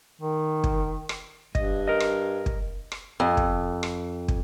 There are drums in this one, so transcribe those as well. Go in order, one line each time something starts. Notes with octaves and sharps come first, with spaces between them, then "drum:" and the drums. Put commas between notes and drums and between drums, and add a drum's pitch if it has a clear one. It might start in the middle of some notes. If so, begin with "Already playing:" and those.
D#3
drum: kick
drum: rim click
G2 D#5, drum: kick
A#4 D#5
drum: rim click
drum: kick
drum: rim click
F2
drum: kick
drum: rim click
drum: kick